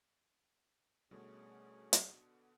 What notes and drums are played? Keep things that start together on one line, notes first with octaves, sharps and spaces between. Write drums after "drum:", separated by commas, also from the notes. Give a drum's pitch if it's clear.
B2 D3 G3 A3 C#4 G#4
drum: hi-hat